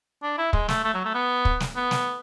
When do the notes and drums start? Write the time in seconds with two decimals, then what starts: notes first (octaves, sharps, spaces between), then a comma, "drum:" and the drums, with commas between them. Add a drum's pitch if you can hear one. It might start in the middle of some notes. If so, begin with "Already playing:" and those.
0.23 D4
0.38 E4
0.53 G#3, drum: kick
0.68 A3, drum: snare
0.84 A3
0.94 F#3
1.05 A3
1.14 B3
1.45 drum: kick
1.60 drum: snare
1.76 B3
1.91 drum: snare